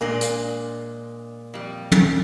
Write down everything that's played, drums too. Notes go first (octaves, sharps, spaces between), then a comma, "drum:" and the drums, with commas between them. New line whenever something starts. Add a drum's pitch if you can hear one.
A#2 G#3 D4 A#4
drum: hi-hat
F2 G3
drum: tom